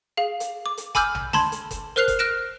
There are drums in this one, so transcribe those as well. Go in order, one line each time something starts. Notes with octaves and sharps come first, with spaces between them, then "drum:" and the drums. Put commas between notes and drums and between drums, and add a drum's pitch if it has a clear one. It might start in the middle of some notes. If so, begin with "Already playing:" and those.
G#4 F5
drum: hi-hat
D6
drum: hi-hat
G#5 B5 D6 E6 F6 G6, drum: kick F#1, hi-hat
drum: tom A#1
A5 B5 C6 G#6, drum: snare
drum: hi-hat
drum: kick F#1, hi-hat
A#4 C5 F6 F#6 C7 F7
drum: kick F#1, hi-hat
F6 F#6 A#6 D7 E7